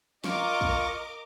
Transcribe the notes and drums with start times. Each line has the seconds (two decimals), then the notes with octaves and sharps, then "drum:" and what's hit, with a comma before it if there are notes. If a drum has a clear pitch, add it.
0.24 F4 A#4 D#5 C#6 D6, drum: snare
0.61 drum: kick